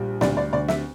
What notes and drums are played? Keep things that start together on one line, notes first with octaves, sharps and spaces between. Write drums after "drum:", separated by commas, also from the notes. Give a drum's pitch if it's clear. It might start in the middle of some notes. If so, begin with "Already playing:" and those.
Already playing: A#1 G3
D2 D5, drum: snare
D5
D2 D5
E5, drum: snare